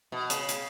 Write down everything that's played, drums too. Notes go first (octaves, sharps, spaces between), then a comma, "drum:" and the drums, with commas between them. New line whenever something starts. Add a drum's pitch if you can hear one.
B2
C#3, drum: hi-hat
drum: hi-hat